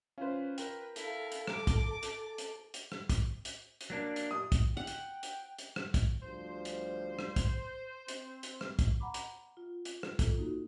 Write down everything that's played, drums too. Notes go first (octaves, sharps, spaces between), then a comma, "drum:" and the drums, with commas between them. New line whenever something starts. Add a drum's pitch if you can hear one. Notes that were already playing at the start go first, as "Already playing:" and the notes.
C#4 F4 B4 C5
A#4 B4 G5, drum: hi-hat
E4 A4 F5, drum: hi-hat
drum: hi-hat
A#5 D6, drum: rim click
drum: kick, hi-hat
drum: hi-hat
drum: hi-hat
drum: hi-hat
drum: rim click
drum: kick, hi-hat
drum: hi-hat
drum: hi-hat
F#3 A#3 D4
drum: hi-hat
D#6
drum: kick, hi-hat
F#5 G5
drum: hi-hat
drum: hi-hat
drum: hi-hat
drum: rim click
drum: kick, hi-hat
D2 F3 G3 C5
drum: hi-hat
drum: rim click
drum: kick, hi-hat
C4, drum: hi-hat
drum: hi-hat
drum: rim click
drum: kick, hi-hat
F#5 A#5 B5 D6
drum: hi-hat
F4
drum: hi-hat
drum: rim click
F4 A4, drum: kick, hi-hat
A#3 D#4 F#4